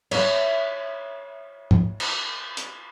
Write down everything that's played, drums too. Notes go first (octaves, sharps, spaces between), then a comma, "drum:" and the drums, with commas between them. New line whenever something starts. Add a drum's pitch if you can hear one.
C#5 E5, drum: cymbal
drum: tom
drum: cymbal
drum: hi-hat